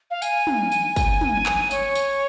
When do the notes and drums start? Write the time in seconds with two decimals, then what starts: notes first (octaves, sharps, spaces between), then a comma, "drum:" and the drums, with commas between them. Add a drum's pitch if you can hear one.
0.10 F5
0.22 G#5, drum: tambourine
0.47 drum: tom
0.72 drum: tambourine
0.96 drum: kick, tambourine
1.21 drum: tom
1.46 drum: clap
1.71 C#5, drum: tambourine
1.95 drum: tambourine